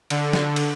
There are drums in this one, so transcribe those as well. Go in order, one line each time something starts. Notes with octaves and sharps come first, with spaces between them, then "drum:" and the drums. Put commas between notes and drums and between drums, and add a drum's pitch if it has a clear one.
D3, drum: cymbal
drum: snare
drum: cymbal